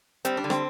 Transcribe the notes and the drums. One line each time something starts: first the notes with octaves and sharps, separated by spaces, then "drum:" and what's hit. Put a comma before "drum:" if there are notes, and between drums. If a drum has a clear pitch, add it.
G3 C4, drum: hi-hat
D4
D3
C4, drum: rim click